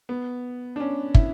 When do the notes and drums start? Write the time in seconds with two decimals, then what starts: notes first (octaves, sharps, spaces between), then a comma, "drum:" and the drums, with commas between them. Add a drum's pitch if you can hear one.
0.09 B3
0.76 D4
0.80 C#4
1.14 E4, drum: kick